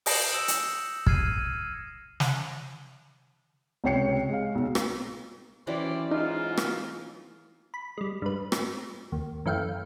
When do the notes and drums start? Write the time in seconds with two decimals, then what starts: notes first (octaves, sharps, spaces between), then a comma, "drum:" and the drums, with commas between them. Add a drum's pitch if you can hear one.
0.06 D#6 G6 A#6 C7 C#7 E7, drum: open hi-hat
0.31 E6 E7 F#7
0.48 drum: hi-hat
1.07 F6 G#6 C7 D#7, drum: kick
2.20 drum: snare
3.84 C#2 C3 C#5 G5 C7 C#7
4.29 G#3 F5
4.55 B1
4.75 drum: rim click
5.67 E3 F#3 C#4 G4 C5 D5
6.11 G#2 D#4 F4
6.57 drum: rim click
7.74 B5
7.97 G3 G#3
8.22 G2 B4
8.52 drum: rim click
9.12 D#2
9.46 F#2 E3 A3 F5 G5